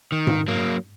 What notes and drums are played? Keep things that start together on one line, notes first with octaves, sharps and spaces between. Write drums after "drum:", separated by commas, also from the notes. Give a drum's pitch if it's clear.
D#3
drum: tom G#2
F#3 A#3